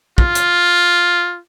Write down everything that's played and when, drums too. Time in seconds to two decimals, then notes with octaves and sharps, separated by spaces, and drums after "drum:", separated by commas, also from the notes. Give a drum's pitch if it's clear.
0.18 F4, drum: kick
0.35 drum: hi-hat